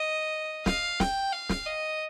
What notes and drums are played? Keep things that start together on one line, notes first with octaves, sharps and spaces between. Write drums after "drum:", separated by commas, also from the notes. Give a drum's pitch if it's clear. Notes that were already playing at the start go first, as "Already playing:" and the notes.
Already playing: D#5
F5, drum: snare
G5, drum: snare
F5
drum: snare
D#5